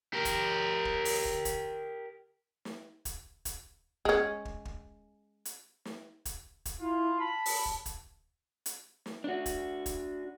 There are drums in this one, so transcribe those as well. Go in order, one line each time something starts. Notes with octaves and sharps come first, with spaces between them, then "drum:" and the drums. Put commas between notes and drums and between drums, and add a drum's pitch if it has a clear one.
G4 A#4
drum: kick, hi-hat
drum: kick
drum: open hi-hat
drum: kick
drum: kick, hi-hat
drum: snare
drum: kick, hi-hat
drum: kick, hi-hat
G#3 C#4, drum: kick
drum: kick
drum: kick
drum: hi-hat
drum: snare
drum: kick, hi-hat
drum: kick, hi-hat
E4 F4
A5 B5
drum: open hi-hat
drum: kick
drum: kick, hi-hat
drum: hi-hat
drum: snare
D4 F#4
drum: kick, hi-hat
drum: kick, hi-hat